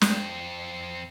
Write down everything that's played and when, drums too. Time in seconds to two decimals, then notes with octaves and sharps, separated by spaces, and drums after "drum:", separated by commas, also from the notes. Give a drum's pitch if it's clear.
0.01 F2 C4, drum: snare